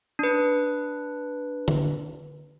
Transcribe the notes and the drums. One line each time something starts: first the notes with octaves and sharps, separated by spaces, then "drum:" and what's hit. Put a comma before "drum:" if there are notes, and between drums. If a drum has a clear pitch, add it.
D4 B4
drum: tom D3